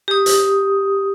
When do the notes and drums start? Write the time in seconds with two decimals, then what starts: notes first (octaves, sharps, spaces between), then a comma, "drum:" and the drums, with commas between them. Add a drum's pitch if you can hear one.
0.08 G4 D#6
0.26 drum: hi-hat